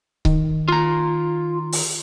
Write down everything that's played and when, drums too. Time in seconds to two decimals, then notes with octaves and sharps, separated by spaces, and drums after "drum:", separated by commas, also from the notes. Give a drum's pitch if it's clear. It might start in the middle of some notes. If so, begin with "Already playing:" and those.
0.25 D#3, drum: kick C#1
0.68 F4 A#5
1.72 drum: open hi-hat